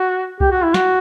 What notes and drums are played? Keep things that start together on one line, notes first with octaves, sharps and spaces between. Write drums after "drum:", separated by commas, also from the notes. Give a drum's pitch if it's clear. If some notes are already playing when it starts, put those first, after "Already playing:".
Already playing: F#4
G4, drum: kick C2
F#4
E4
F#4, drum: snare